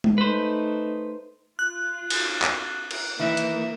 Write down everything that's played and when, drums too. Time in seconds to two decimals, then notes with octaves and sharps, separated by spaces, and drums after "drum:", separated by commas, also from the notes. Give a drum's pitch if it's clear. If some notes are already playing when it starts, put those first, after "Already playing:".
0.04 drum: tom G#3
0.18 A3 D#4 B4 C5
1.59 F4 F#6
2.10 drum: cymbal
2.42 drum: clap
2.91 drum: cymbal
3.19 D#3 E3 A#3 E5
3.37 drum: hi-hat